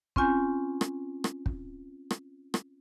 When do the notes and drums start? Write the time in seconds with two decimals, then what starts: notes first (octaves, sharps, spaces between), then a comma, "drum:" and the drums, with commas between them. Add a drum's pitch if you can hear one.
0.16 C4 C#4 F4 G#5 G6, drum: kick
0.81 drum: rim click
1.24 drum: rim click
1.46 drum: kick
2.11 drum: rim click
2.54 drum: rim click